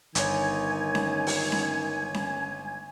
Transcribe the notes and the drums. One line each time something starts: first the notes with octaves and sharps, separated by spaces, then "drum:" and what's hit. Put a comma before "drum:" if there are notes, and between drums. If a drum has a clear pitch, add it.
G1 D#3 C#5 G#5 G#6, drum: hi-hat
drum: snare C#4
drum: open hi-hat
drum: snare C#4
drum: snare C#4